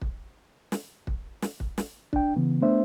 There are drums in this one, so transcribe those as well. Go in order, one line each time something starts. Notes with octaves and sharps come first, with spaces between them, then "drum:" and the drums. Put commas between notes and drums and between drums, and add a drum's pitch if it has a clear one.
drum: kick
drum: snare
drum: kick
drum: snare
drum: kick
drum: snare
D4 G5, drum: kick
C#3 E3 B3
A3 B3 D4 C5 E5